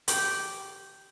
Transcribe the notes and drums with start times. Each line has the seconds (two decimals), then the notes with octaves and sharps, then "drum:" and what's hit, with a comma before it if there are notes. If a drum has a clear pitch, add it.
0.08 G4, drum: hi-hat